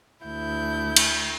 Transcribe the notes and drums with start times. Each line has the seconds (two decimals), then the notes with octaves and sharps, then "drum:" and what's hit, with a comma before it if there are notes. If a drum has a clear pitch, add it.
0.24 D2 E4 G6
0.96 drum: cymbal